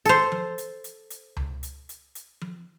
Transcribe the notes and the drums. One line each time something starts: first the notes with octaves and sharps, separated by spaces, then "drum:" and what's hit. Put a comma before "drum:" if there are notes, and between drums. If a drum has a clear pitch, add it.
A4 C5, drum: hi-hat
drum: tom F3
drum: hi-hat
drum: hi-hat
drum: hi-hat
drum: tom C#2
drum: hi-hat
drum: hi-hat
drum: hi-hat
drum: tom F3